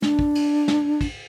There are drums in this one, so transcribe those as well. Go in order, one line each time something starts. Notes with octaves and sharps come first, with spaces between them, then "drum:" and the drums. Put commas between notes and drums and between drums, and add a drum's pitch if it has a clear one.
D4, drum: snare
drum: kick
drum: cymbal
drum: snare
drum: kick, cymbal